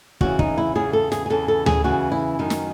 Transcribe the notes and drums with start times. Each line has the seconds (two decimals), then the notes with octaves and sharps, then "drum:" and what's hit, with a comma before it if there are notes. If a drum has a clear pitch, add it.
0.21 E2 C#3 E3 F#4, drum: kick
0.39 D#4, drum: kick
0.58 E4
0.75 E2 C#3 E3 G#4
0.93 A4
1.12 G#4, drum: snare
1.26 G#4
1.30 E2 C#3 E3 A4
1.48 A4
1.66 G#4, drum: tom D2
1.84 E2 C#3 E3 F#4
2.12 E4
2.39 F#2 D#3 D#4
2.50 drum: snare